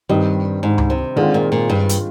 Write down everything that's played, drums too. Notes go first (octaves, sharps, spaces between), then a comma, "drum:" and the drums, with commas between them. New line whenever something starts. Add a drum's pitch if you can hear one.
G2 D#3 G3 C4 D#4
G#2
drum: tom C#2
C3
D3 D#3 G#3 C4 F4
A#2
A#2
G2
drum: hi-hat